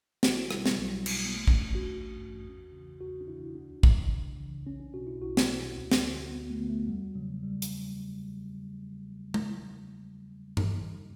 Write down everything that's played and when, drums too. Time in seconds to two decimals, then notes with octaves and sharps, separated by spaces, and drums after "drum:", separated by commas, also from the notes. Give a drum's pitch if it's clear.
0.23 B1 F#4, drum: snare
0.37 E4
0.51 B2 G3, drum: rim click
0.66 G3, drum: snare
0.78 B1 F#3
0.92 F#3
1.06 B2 F#3, drum: cymbal
1.25 B3
1.34 A1 A3
1.47 C#4, drum: kick
1.61 G2 E3 D4
1.75 F#4
1.89 A1
2.17 G2 E3
2.45 E2
2.72 C#3 E3
3.00 E2 F#4
3.21 D4
3.27 C#3 E3 E4
3.55 D2 D4
3.83 C#3 E3, drum: kick
4.11 D2
4.38 C#3 E3
4.66 B1 C#4
4.80 D4
4.93 B2 F#4
5.07 E4
5.22 B1 F#4
5.37 drum: snare
5.50 B2
5.77 D2
5.92 drum: snare
6.04 D3
6.31 D2 B3
6.50 A3
6.59 D3 B3
6.69 A3
6.87 E2 G3
7.15 C#3 E3 F#3
7.43 G3
7.62 drum: hi-hat
9.34 drum: tom G#3
10.57 drum: tom G2